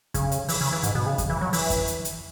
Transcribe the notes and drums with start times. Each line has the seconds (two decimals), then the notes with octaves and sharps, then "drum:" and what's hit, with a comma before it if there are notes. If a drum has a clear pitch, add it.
0.14 C#3, drum: kick F2, hi-hat
0.32 drum: hi-hat
0.48 E3, drum: open hi-hat
0.61 C#3
0.73 E3
0.83 G#2, drum: hi-hat
0.95 B2
1.06 C#3
1.18 drum: kick F2, hi-hat
1.30 E3
1.41 F#3
1.53 E3, drum: open hi-hat
1.70 drum: kick F2, hi-hat
1.87 drum: hi-hat
2.05 drum: hi-hat